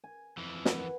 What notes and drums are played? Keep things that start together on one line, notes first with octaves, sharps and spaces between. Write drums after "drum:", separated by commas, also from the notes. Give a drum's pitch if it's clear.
G#5
F2 E3
B4 F#5, drum: snare